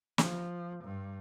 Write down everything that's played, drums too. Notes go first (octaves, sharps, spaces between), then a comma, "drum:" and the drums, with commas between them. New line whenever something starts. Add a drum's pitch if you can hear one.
F3, drum: snare
G2